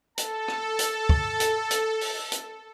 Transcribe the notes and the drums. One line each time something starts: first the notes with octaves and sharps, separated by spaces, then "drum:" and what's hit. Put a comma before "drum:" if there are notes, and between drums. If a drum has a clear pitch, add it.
A4 A5, drum: hi-hat
drum: rim click
drum: hi-hat
drum: kick
drum: hi-hat
drum: hi-hat
drum: open hi-hat
drum: hi-hat